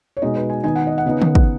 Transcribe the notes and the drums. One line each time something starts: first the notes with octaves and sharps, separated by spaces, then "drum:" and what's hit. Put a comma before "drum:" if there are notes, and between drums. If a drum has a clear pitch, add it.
C#5
B2 G#3 D#4 D#5
B4
G#5
D#3 B3 D#4 G#5
F#5
D#5
F#5
C#3 B3 D#4
drum: tom D3
drum: kick